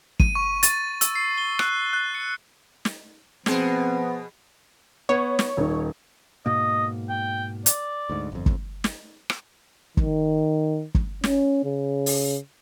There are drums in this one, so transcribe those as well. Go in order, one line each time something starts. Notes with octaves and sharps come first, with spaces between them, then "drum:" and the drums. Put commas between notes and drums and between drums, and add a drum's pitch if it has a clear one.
D#7, drum: kick
C#6
A6, drum: hi-hat
E6, drum: hi-hat
C7
G7
F#6, drum: rim click
F#6
C#7
drum: snare
B2 F3 B3 C4 G#4, drum: snare
B3 C#5
drum: snare
D#1 D#3
G#2 B2 A#3 D#5
G5
D5, drum: hi-hat
D2 G#2
G1 F2
drum: kick
drum: snare
drum: rim click
D#3, drum: kick
drum: kick
C#4, drum: snare
C#3
drum: open hi-hat